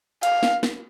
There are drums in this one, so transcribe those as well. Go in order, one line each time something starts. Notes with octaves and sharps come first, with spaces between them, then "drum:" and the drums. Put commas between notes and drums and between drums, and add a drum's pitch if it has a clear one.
F5, drum: hi-hat
drum: snare
drum: snare